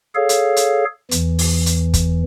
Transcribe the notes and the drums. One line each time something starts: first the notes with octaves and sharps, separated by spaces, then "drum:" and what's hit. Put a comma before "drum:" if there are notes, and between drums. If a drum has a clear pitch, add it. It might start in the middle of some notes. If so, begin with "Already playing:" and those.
G#4 A4 C#5 F5
drum: hi-hat
drum: hi-hat
E2 E3, drum: hi-hat
drum: open hi-hat
drum: hi-hat
drum: kick, hi-hat